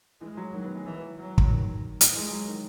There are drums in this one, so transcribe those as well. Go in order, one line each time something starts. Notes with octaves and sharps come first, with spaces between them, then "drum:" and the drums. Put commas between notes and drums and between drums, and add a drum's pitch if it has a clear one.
E3 G#3
F#3
D#3 F#3
B3
G#3
E3 F#3
F#3
drum: kick
D#3
drum: hi-hat
E3 G#3
F#3
D#3